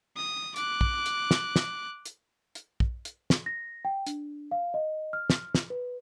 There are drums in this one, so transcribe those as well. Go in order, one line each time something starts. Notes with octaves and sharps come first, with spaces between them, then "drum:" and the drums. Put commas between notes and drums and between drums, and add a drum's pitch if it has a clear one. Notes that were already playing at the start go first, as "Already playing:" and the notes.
D#6
D6 F#6, drum: hi-hat
drum: kick
drum: hi-hat
drum: snare
drum: snare
drum: hi-hat
drum: hi-hat
drum: kick
drum: hi-hat
drum: snare
A#6
G5
D4, drum: hi-hat
F5
D#5
F6
drum: snare
drum: snare
B4